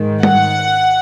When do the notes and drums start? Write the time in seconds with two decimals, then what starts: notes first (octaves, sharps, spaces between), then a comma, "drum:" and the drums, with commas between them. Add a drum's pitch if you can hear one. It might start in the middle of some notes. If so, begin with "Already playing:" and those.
Already playing: G#2 D#3
0.23 F#5, drum: tom G3